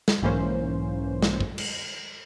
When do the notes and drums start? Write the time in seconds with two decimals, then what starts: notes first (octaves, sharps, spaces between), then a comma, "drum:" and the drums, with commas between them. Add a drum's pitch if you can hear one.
0.08 drum: snare
0.22 B1 G#2 E3 A#3 C#4 C5
1.23 drum: snare
1.40 drum: kick
1.58 drum: cymbal